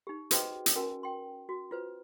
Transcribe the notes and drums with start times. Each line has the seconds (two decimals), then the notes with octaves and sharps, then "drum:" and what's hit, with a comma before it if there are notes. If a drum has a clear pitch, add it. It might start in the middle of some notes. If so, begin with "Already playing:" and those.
0.07 D#4 G4
0.31 F#4 G#4 B4 C5 D#5 G5, drum: hi-hat
0.66 drum: hi-hat
0.76 C#4 F#4 A#4 G#5
1.03 G5 C6
1.49 F#4
1.71 F4 B4 C5